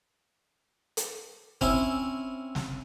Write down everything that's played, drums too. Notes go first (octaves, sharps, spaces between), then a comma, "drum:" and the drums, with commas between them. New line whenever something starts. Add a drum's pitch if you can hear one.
drum: hi-hat
C4 C#4 E4, drum: kick F#1
drum: snare